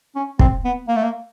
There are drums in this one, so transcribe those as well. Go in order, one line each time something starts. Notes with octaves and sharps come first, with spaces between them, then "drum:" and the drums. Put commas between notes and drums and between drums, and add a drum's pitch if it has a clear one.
C#4
C4, drum: kick
B3
A#3
A3
A#3